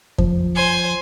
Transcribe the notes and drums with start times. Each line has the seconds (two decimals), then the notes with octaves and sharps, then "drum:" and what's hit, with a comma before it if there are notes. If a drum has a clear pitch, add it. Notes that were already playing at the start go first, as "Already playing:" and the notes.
0.18 F3, drum: kick F2
0.56 C5 G#5